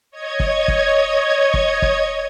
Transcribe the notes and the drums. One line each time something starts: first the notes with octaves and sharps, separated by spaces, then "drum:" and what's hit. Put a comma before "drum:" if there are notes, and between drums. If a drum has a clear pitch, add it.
C#5 D#5 G#6
drum: kick
drum: kick
drum: kick
drum: kick